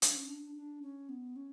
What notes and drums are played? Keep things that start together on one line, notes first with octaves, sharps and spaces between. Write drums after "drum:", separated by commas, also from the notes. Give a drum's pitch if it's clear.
D4, drum: hi-hat
C#4
D4
D4
D4
C#4
B3
C#4